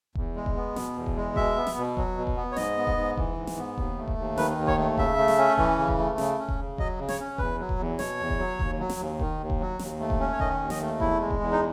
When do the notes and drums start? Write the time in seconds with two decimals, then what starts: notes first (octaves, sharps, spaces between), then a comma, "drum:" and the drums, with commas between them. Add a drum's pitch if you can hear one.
0.15 E2, drum: kick E1
0.36 G#3
0.46 drum: kick E1
0.56 B3
0.76 B2, drum: snare
0.96 E2
1.06 drum: kick E1
1.16 G#3
1.36 B2 E5, drum: kick E1
1.56 B3
1.67 drum: snare
1.77 B2
1.97 F#3, drum: kick E1
2.17 B2
2.27 drum: kick E1
2.37 B3
2.52 C#5
2.56 G#2 D#5, drum: snare
2.77 B3
2.87 drum: kick E1
2.97 G#2
3.17 E3, drum: kick E1
3.37 G#2
3.47 drum: snare
3.57 B3
3.78 D#2, drum: kick E1
3.98 A3
4.08 drum: kick E1
4.18 D#2
4.38 D#3 B4, drum: snare
4.58 D#2
4.67 C#5, drum: kick E1
4.78 A3
4.98 C#3 E5, drum: kick E1
5.18 A3
5.28 drum: snare
5.38 C#4
5.58 E3, drum: kick E1
5.79 C#3
5.88 drum: kick E1
5.99 A3
6.18 C#3, drum: snare
6.39 C#4
6.49 drum: kick E1
6.59 C#3
6.78 F#3 D#5, drum: kick E1
6.98 C#3
7.09 C#5, drum: snare
7.19 C#4
7.38 E2 B4, drum: kick E1
7.59 F#3
7.69 drum: kick E1
7.79 E2
7.99 B2 C#5, drum: snare
8.20 E2
8.29 drum: kick E1
8.39 F#3
8.59 D#2, drum: kick E1
8.79 F#3
8.90 drum: snare
8.99 D#2
9.20 D#3, drum: kick E1
9.40 D#2
9.50 drum: kick E1
9.60 F#3
9.79 D#2, drum: snare
10.00 A3
10.10 drum: kick E1
10.20 C#4
10.32 C#5
10.40 D#3 D#5, drum: kick E1
10.60 D#2
10.70 D#5, drum: snare
10.80 A3
11.00 E2 E4, drum: kick E1
11.21 G#3
11.30 drum: kick E1
11.41 E2
11.52 D#4